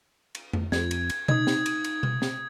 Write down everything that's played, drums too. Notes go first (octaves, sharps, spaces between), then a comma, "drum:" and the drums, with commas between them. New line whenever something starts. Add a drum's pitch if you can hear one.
drum: cymbal
drum: tom F2
F2 G#6, drum: snare
drum: cymbal
drum: cymbal
D#4 D#6 G#6, drum: tom B2
drum: snare
drum: cymbal
drum: cymbal
drum: tom B2
drum: snare